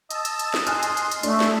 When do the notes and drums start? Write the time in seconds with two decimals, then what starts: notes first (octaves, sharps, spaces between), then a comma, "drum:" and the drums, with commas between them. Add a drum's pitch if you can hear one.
0.11 D#5 A5 E6, drum: hi-hat
0.25 drum: hi-hat
0.39 drum: hi-hat
0.54 drum: snare
0.67 G#5 C6 F6 F#6, drum: hi-hat
0.83 drum: hi-hat
0.97 drum: hi-hat
1.12 drum: hi-hat
1.23 A3 D4 A4 E5, drum: hi-hat
1.40 drum: snare